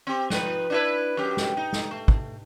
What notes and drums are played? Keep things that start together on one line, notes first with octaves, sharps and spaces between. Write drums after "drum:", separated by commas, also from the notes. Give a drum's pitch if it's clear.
C4 G4
F3 D#4 B4, drum: snare
D4 E4 B4
F#2 G4
drum: snare
D#4
drum: snare
A3
drum: kick